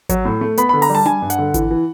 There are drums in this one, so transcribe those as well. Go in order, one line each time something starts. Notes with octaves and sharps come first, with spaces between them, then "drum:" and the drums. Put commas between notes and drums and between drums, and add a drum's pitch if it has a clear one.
F#3, drum: kick G#1, hi-hat
A2
A3
B3 B5, drum: hi-hat
D3 B5
A#5, drum: open hi-hat
G3
A5
G3 G#5, drum: tom D4
G2
F#5, drum: hi-hat
D3
E3, drum: kick G#1, hi-hat
E3